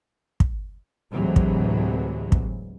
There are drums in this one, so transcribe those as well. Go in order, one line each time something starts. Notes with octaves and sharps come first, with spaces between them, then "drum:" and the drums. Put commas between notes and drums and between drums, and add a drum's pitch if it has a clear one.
drum: kick
D2 A2 C3 E3 F#3 G#3
drum: kick
drum: kick